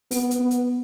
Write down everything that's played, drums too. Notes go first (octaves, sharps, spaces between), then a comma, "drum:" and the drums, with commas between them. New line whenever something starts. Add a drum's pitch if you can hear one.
B3, drum: open hi-hat
drum: hi-hat
B3
drum: hi-hat